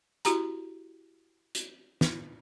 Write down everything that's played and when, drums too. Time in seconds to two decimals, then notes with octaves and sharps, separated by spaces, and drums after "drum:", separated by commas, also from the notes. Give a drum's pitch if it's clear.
0.25 E4 F#4 G4 A#5, drum: hi-hat
1.55 drum: hi-hat
2.01 drum: snare